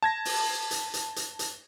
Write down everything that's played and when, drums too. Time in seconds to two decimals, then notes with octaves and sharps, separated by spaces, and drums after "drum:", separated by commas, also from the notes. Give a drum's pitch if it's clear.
0.03 A5 G#6 A#6
0.25 drum: open hi-hat
0.71 drum: hi-hat
0.94 drum: hi-hat
1.16 drum: hi-hat
1.39 drum: hi-hat